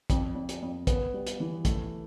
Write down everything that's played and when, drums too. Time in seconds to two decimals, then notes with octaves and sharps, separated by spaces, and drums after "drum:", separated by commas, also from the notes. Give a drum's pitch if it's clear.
0.10 F2, drum: kick, hi-hat
0.35 F2
0.49 drum: hi-hat
0.62 F2
0.87 B3, drum: kick, hi-hat
1.14 G3
1.27 drum: hi-hat
1.40 E3
1.65 A3, drum: kick, hi-hat